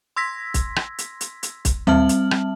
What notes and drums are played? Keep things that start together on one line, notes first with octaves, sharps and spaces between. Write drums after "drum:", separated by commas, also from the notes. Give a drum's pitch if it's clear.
C6 E6 G#6 A#6 B6
drum: kick, hi-hat
drum: rim click
drum: hi-hat
drum: hi-hat
drum: hi-hat
drum: kick, hi-hat
G3 C4 E5 A5 F6 F#7, drum: tom D2
drum: hi-hat
drum: rim click